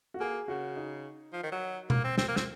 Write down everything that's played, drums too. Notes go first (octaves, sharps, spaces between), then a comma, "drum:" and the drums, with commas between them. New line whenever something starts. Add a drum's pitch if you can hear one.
F#4
A#3 G#4
C#3 F#4
D#4
F3
D#3
F#3
A#3, drum: tom B2
C4
C4, drum: snare
A#3
C4, drum: snare